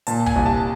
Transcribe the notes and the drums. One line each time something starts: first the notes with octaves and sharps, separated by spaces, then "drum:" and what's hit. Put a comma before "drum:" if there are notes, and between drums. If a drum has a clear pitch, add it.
A#2 A5, drum: hi-hat
G#5, drum: kick
C2
A5